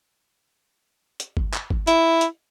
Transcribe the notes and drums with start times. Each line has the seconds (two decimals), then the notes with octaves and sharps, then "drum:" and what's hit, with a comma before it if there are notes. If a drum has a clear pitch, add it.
1.20 drum: hi-hat
1.37 drum: kick G1
1.54 drum: clap
1.70 drum: kick G1
1.87 E4, drum: hi-hat
2.21 drum: hi-hat